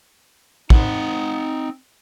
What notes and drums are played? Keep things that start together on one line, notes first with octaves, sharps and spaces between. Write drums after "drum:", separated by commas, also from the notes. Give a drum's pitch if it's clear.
C4 D#4 F#5, drum: kick